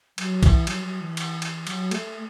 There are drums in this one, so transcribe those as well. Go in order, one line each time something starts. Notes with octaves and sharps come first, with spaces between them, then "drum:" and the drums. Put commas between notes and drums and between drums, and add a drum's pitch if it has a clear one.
F#3, drum: cymbal
E3, drum: kick A#1, cymbal
F#3, drum: cymbal
F#3
E3
drum: cymbal
drum: cymbal
F#3, drum: cymbal
A3, drum: cymbal